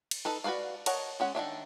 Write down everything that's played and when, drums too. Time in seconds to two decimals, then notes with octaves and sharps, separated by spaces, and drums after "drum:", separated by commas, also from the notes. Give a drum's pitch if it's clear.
0.11 drum: cymbal
0.25 D#4 A4 B4
0.44 F#4 G#4 B4 D5 F5
0.86 A#4 C#5 D#5 F#5 A5, drum: cymbal
1.20 G#3 C#4 F#5
1.35 D#3 F3 D4 E5